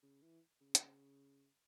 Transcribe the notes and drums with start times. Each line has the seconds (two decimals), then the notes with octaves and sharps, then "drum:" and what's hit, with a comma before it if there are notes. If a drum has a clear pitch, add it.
0.03 C#3
0.22 E3
0.61 C#3
0.75 drum: hi-hat